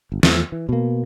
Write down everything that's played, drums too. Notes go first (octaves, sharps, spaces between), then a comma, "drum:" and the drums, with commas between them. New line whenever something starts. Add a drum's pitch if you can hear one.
G1
E2 F3 A3, drum: snare
E3
B2 A#3